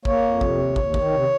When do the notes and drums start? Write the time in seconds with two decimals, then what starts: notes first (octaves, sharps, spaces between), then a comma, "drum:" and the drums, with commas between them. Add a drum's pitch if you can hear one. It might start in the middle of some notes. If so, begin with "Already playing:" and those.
0.05 A#3 C#5, drum: kick
0.22 F2
0.41 C3, drum: kick
0.58 D#2
0.76 D#2, drum: kick
0.94 D#3, drum: kick
1.11 C3